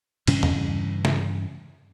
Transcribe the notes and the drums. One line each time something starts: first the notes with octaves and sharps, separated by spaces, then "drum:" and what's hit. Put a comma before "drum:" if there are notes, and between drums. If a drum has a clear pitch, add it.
G2 C#3 E3 C#4, drum: cymbal
drum: tom
drum: snare